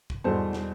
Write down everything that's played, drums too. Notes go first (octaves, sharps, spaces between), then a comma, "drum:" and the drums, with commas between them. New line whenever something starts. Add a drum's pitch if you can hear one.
drum: kick A1
E2 B2 G3 A4 C5
drum: snare